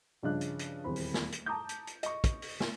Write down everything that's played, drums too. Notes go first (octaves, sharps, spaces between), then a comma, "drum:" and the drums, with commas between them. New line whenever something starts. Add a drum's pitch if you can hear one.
G2 C#3 F3 D4 D#5 F#6
drum: hi-hat
drum: hi-hat
D#1 E2 C4 B5
drum: open hi-hat
drum: snare
drum: hi-hat
A5 A#5 D6 D#6 G6
drum: hi-hat
drum: hi-hat
D#5 C#6, drum: hi-hat
drum: kick, hi-hat
drum: open hi-hat
drum: snare